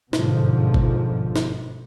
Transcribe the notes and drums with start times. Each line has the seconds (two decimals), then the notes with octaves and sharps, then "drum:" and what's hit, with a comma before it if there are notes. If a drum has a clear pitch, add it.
0.13 G1 G#2 B2 D3 F3, drum: snare
0.74 drum: kick G#1
1.36 drum: snare